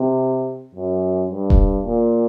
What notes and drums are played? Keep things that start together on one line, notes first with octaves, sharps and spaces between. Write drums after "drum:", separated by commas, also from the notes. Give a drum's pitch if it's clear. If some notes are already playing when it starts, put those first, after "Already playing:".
Already playing: C3
F#2
G2
drum: kick E1
A#2